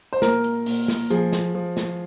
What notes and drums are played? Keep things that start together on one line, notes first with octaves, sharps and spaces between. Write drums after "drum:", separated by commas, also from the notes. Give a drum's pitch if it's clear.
C5
A#2 A#4, drum: snare
drum: hi-hat
A#2, drum: open hi-hat
drum: snare
F3 G#4, drum: hi-hat
drum: snare
F3
drum: snare